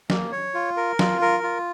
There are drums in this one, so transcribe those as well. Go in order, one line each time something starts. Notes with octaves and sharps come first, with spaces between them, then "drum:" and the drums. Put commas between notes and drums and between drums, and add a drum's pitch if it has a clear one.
A#3, drum: snare
C#5
F4
A#4
F4, drum: snare
A#4
F4